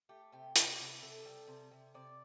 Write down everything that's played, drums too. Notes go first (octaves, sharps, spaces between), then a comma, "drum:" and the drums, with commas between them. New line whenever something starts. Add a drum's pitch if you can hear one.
A3 G4
C3 G4
C3, drum: hi-hat
C3
C3 A4
G3
C3
C3
C3 D5